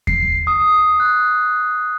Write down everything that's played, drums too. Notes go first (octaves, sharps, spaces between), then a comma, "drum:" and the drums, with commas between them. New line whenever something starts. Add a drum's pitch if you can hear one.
C7, drum: kick E2
D#6
F#6